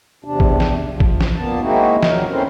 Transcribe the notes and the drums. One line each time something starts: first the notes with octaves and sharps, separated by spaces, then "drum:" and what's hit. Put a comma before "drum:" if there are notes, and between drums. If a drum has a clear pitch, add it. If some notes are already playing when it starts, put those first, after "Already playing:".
E2 C3 D4
drum: kick
drum: snare
F3
drum: kick
drum: snare
A#2 A#3 B3 A5
G#3 A#3 C4 D#4 E4 F#4
D#2 A#2 F#3 A#4, drum: snare
C4 C#4 E4 A4 A#4 C5